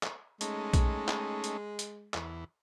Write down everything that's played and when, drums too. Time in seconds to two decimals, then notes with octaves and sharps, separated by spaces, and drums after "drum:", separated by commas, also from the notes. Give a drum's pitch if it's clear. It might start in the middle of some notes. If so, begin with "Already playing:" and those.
0.03 drum: clap
0.41 G#3 A3 C#4 D#4, drum: hi-hat
0.74 drum: kick A#1, hi-hat
1.09 drum: clap
1.44 drum: hi-hat
1.79 drum: hi-hat
2.14 E2, drum: clap